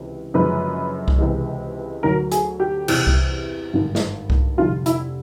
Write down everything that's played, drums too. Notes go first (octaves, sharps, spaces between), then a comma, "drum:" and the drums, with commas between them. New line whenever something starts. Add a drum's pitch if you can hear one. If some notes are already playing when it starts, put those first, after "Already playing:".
Already playing: C#2 C3 E3
F#1 F#2 D3 F3 G#3 B4
drum: kick C2
C#2 C3 E3 G#3
D2 D3 F#3 A#4
G#4, drum: hi-hat
G4
E2 C3 E3, drum: cymbal
drum: kick C2
G#1 G2 D3
drum: snare
drum: kick C2
F1 F2 D3 G3 F4
E4, drum: hi-hat